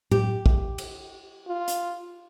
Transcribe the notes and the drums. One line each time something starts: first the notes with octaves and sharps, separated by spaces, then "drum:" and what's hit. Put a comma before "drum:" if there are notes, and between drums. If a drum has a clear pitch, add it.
G4, drum: tom A2
drum: kick
drum: cymbal
F4
drum: hi-hat